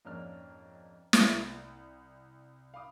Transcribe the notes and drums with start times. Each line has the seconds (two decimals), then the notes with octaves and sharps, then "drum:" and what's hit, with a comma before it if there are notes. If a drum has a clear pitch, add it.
0.05 F2 G#2 A#3 C#4 D4 F6
1.13 drum: snare
1.28 C2
2.74 F5 B5 D6 D#6